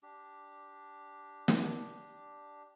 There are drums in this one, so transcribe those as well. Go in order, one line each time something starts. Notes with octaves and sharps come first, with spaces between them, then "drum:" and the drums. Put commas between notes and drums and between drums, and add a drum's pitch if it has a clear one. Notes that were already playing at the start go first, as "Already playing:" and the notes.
D4 G4
drum: snare